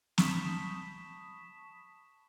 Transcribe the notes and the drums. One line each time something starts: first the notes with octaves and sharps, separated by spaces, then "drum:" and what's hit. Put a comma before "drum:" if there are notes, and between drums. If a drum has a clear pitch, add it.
A5 B5 C#6 D#6 B6 E7, drum: snare